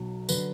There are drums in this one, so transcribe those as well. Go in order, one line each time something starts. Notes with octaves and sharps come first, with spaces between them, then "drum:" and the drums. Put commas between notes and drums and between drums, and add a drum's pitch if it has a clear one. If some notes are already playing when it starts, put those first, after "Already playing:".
Already playing: B1 B2 F#3
D3 F#3 B4, drum: tambourine